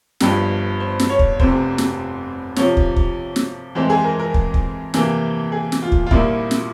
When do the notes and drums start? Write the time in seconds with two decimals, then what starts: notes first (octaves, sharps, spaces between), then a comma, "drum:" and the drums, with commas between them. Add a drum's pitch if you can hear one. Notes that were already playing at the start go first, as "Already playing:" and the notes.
0.20 G1 G2 F3 G4, drum: snare
0.80 C5
1.00 drum: snare
1.09 C#5
1.19 drum: kick
1.40 F1 F2 C3 C5, drum: kick
1.78 drum: snare
2.56 F2 C3 F3 C#5, drum: snare
2.77 drum: kick
2.96 drum: kick
3.36 drum: snare
3.75 F2 E3 G#3 C4 C5
3.90 G#4
4.04 A#4
4.19 A#4
4.34 drum: kick
4.54 drum: kick
4.94 F2 C3 E3 A#3, drum: snare
5.52 G#4
5.72 drum: snare
5.83 F4
5.92 drum: kick
6.06 F4
6.11 A#1 A#2 G3 A#3 E4, drum: kick
6.51 drum: snare